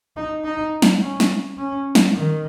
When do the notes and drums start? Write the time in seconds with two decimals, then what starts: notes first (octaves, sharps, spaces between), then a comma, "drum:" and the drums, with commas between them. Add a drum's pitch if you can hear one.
0.16 D#4
0.45 D#4
0.82 drum: snare
1.01 C#4
1.20 drum: snare
1.58 C#4
1.95 drum: snare
2.15 D#3